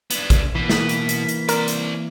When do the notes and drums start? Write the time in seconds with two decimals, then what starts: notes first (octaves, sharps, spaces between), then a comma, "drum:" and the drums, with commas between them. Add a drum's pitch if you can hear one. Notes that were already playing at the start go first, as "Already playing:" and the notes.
0.11 B3 D4, drum: hi-hat
0.30 drum: kick A1, hi-hat
0.55 B2 E3 A#3 B6
0.70 drum: snare
0.89 drum: hi-hat
1.09 drum: hi-hat
1.29 drum: hi-hat
1.49 C4 A#4 D5, drum: hi-hat
1.68 drum: hi-hat